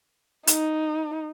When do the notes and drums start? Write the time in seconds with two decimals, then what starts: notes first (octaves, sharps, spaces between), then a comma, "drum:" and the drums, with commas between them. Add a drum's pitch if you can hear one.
0.47 D#4, drum: hi-hat